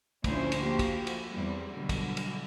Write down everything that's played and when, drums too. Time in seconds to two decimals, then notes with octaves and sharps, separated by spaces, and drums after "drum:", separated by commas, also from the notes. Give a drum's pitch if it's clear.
0.24 D2 A#2 F3 C#4 E4 C5, drum: kick, cymbal
0.52 drum: cymbal
0.61 F3 A#3 F#4 G4 C5
0.79 drum: kick, cymbal
1.07 drum: cymbal
1.30 E2 G3 C4
1.71 B2 D3 F#3 G3
1.89 drum: kick, cymbal
2.17 drum: cymbal